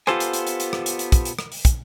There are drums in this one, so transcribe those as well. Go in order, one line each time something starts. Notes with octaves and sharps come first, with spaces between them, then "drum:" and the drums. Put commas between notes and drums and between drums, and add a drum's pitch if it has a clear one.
B3 F4 G4 A4 C5 G#5, drum: rim click
drum: hi-hat
drum: hi-hat
drum: hi-hat
drum: hi-hat
drum: rim click
drum: hi-hat
drum: hi-hat
drum: kick, hi-hat
drum: hi-hat
drum: rim click
drum: open hi-hat
drum: kick, hi-hat